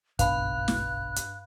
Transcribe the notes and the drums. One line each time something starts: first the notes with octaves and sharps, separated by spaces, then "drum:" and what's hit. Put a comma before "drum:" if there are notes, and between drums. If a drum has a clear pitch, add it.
F#1 B1 G2 F5 B5 F#6, drum: kick, hi-hat
drum: snare
drum: hi-hat